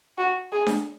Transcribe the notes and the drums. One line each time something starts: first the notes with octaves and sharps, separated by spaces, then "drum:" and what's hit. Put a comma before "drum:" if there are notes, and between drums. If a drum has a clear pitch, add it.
F#4
G#4
drum: snare D4